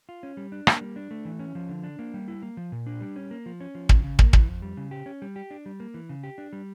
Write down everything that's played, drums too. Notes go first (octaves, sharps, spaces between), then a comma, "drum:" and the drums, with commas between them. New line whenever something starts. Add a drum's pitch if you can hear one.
F4
C#4
G3
D4
A#3, drum: rim click
G3
D4
A3
E3
C#4
F3
D3
D4
A#3
G3
E4
A#3
F3
A#2
D4
G3
C#4
A#3
F3
C#4
F3
C#3, drum: kick
C#3
A#3, drum: kick
E3, drum: kick
F2
G3
C#3
G4
C#4
G3
G4
D4
G3
A#3
E3
C#3
G4
D4
G3